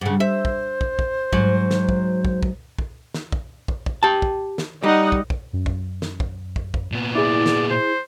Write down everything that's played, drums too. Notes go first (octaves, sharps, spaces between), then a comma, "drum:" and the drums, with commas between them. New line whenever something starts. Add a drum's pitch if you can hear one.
G2 C#3 F#5
C5 E5
drum: kick
drum: kick
drum: kick
G#2 F#3, drum: kick
drum: snare
drum: kick
drum: kick
drum: kick
drum: kick
drum: snare
drum: kick
drum: kick
drum: kick
G4 A5
drum: kick
drum: snare
G3 D#4 D#5 F#5
drum: kick
drum: kick
F#2
drum: kick
drum: snare
drum: kick
drum: kick
drum: kick
A#2 B3
E4 G#4 D5
drum: snare
C5